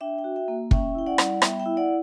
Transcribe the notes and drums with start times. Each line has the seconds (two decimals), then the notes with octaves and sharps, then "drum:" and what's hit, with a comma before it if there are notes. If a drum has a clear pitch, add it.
0.01 D4 E5 G5
0.18 E5 G5
0.24 F#4
0.36 E5 G5
0.48 A#3
0.71 C#4 E5 G5, drum: kick
0.95 E4 G5
1.06 D5 F#5
1.18 G3, drum: rim click
1.42 B3 E5 G5, drum: rim click
1.59 E5 G5
1.66 E4
1.77 D5 F#5